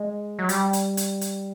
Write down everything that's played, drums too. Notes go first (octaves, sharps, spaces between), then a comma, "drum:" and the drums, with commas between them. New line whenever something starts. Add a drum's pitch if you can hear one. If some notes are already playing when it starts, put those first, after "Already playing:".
Already playing: G#3
F#3
G3, drum: hi-hat
drum: hi-hat
drum: hi-hat
drum: hi-hat